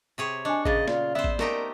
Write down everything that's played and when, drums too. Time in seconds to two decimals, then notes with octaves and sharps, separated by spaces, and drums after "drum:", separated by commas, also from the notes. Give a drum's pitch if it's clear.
0.18 C3 G#4 C#5
0.45 D4 D#5 G#5 C#6
0.65 A#2 C#3 G#4 D#5 A6, drum: kick A1
0.88 F4 D5, drum: snare
1.15 B3 C5 E5
1.24 drum: kick A1
1.39 A3 D#4 G4 A#4, drum: snare